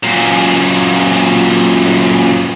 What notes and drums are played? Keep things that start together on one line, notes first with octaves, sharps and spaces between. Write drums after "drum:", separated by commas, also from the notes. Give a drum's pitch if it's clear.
F#2 A#2, drum: hi-hat
drum: hi-hat
drum: hi-hat
drum: hi-hat
drum: snare
drum: open hi-hat